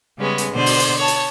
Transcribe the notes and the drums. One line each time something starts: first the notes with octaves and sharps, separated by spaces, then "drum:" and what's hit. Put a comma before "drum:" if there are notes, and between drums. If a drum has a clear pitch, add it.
C#3 G3 G#3 B3 C#4
drum: hi-hat
B2 D3 C5 D5
drum: open hi-hat
drum: hi-hat
C#5 A5
drum: hi-hat